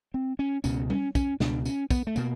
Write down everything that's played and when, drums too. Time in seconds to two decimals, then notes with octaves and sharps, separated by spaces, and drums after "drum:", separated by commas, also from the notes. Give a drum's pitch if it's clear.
0.14 C4
0.39 C#4
0.64 C#2 B2 C#4, drum: tambourine
0.90 C#4, drum: tom G3
1.15 C#4, drum: kick, tambourine
1.40 C#2 B2 D4, drum: snare
1.65 C#4, drum: tambourine
1.91 B3, drum: kick, tambourine
2.07 A3
2.16 B2 A#3, drum: tambourine